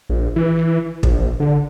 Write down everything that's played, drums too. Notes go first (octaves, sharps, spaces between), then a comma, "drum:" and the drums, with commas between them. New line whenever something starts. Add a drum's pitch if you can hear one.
A#1
E3
A#1, drum: kick
D3